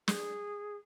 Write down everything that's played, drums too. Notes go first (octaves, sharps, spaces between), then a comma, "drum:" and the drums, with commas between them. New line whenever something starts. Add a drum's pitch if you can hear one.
G#4, drum: snare